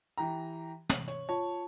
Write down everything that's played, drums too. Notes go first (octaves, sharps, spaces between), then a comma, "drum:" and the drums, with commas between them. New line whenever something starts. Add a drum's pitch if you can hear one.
E3 G4 A#5
F#7, drum: snare
C#5, drum: hi-hat
F4 C#5 A5